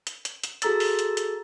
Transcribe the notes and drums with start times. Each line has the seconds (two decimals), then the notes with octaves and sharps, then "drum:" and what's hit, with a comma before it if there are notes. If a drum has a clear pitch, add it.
0.07 drum: hi-hat
0.25 drum: hi-hat
0.43 drum: hi-hat
0.62 F#4 G#4 A4 A#5 E6 A6, drum: hi-hat
0.80 drum: open hi-hat
0.99 drum: hi-hat
1.17 drum: hi-hat